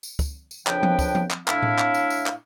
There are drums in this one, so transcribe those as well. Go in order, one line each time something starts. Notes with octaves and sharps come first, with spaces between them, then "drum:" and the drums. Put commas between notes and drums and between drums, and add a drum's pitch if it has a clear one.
drum: tambourine
drum: kick, tambourine
drum: tambourine
F2 C#3 F3 D4 B4 G5, drum: clap
drum: tom F3
drum: kick, tambourine
drum: tom F3
drum: clap
A2 D4 E4 F5, drum: clap
drum: tom A2
drum: clap
drum: tambourine
drum: tambourine
drum: clap